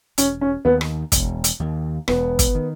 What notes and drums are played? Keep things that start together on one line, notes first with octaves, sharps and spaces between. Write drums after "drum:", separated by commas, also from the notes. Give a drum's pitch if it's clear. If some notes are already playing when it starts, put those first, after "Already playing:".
E1 C#4, drum: hi-hat
C#4
D#2 D#3 B3
drum: rim click
E1, drum: kick, hi-hat
drum: hi-hat
D#2 D#3
E1 B3, drum: rim click
drum: kick, hi-hat
D#3